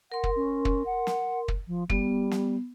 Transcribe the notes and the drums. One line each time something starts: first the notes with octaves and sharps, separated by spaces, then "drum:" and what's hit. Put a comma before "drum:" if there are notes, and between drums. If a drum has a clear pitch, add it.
A#4 F#5 C6
drum: kick
C#4
drum: kick
F#5
drum: snare
drum: kick
F3
G3 B3, drum: kick
drum: snare